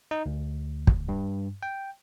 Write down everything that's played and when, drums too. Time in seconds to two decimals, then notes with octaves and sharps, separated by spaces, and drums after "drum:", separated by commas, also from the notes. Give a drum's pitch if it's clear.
0.11 D#4
0.26 D2
0.87 drum: kick
1.09 G2
1.63 G5